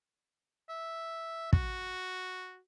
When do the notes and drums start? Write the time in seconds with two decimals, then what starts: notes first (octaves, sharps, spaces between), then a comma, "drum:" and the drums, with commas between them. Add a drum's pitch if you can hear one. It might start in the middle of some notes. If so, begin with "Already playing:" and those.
0.69 E5
1.53 F#4, drum: kick